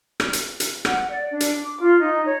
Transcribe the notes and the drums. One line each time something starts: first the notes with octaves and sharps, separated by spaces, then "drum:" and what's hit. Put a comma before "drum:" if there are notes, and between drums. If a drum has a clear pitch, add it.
drum: rim click
drum: hi-hat
drum: hi-hat
F#5, drum: rim click
D5
D4
drum: hi-hat
D6
F4
D#4
C#5